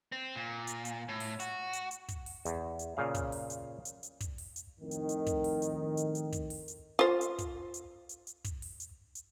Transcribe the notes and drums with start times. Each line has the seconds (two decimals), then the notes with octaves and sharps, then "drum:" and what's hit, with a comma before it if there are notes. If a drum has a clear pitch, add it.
0.12 C4
0.36 A#2
0.67 drum: hi-hat
0.85 drum: hi-hat
1.09 A2
1.20 drum: open hi-hat
1.40 F#4, drum: hi-hat
1.73 drum: hi-hat
1.91 drum: hi-hat
2.08 drum: kick, hi-hat
2.26 drum: open hi-hat
2.45 E2, drum: hi-hat
2.79 drum: hi-hat
2.97 A#2 C#3 F5
3.14 drum: kick, hi-hat
3.32 drum: open hi-hat
3.50 drum: hi-hat
3.85 drum: hi-hat
4.03 drum: hi-hat
4.20 drum: kick, hi-hat
4.38 drum: open hi-hat
4.56 drum: hi-hat
4.80 F2 A2 D#3
4.91 drum: hi-hat
5.09 drum: hi-hat
5.26 drum: kick, hi-hat
5.44 drum: open hi-hat
5.62 drum: hi-hat
5.97 drum: hi-hat
6.15 drum: hi-hat
6.32 drum: kick, hi-hat
6.50 drum: open hi-hat
6.68 drum: hi-hat
6.99 F4 C5
7.21 drum: hi-hat
7.38 drum: kick, hi-hat
7.74 drum: hi-hat
8.09 drum: hi-hat
8.27 drum: hi-hat
8.44 drum: kick, hi-hat
8.62 drum: open hi-hat
8.80 drum: hi-hat
9.15 drum: hi-hat